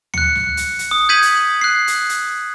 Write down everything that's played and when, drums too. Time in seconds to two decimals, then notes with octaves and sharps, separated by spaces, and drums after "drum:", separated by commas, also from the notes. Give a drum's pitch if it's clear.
0.14 F#6 C#7, drum: tom D2
0.35 drum: snare
0.57 drum: hi-hat
0.79 drum: hi-hat
0.91 D#6
1.09 G6 G#6 B6 D#7 F#7
1.22 drum: hi-hat
1.61 F#6 C7
1.87 drum: hi-hat
2.09 drum: hi-hat